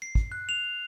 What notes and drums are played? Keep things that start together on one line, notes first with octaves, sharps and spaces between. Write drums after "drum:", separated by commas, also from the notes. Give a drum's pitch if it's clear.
C7
drum: kick
F#6
F7